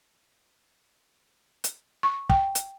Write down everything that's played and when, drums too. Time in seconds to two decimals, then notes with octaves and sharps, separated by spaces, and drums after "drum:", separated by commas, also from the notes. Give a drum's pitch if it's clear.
1.64 drum: hi-hat
2.03 C#6
2.30 G5, drum: kick
2.55 drum: hi-hat